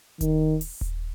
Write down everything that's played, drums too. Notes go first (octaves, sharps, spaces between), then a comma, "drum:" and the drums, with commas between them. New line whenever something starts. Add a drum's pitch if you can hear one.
D#3, drum: kick D#1, hi-hat
drum: open hi-hat
drum: kick D#1